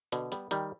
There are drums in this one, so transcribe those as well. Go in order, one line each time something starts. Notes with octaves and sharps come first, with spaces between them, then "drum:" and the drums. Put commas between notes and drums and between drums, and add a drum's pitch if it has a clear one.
B2 D3, drum: hi-hat
G3 B3, drum: hi-hat
D#3 G3, drum: hi-hat